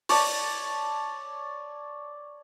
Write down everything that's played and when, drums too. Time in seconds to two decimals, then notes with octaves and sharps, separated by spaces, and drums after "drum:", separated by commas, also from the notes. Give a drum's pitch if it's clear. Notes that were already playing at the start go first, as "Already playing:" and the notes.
0.09 C#5 D5 A5, drum: open hi-hat